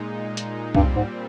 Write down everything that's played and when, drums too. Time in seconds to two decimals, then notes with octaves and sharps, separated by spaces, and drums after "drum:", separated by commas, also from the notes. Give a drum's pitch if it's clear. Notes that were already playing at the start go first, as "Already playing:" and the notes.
Already playing: A#2 G#3 D#4
0.37 drum: hi-hat
0.75 G2 A#2 G3 C4, drum: kick
0.96 G#2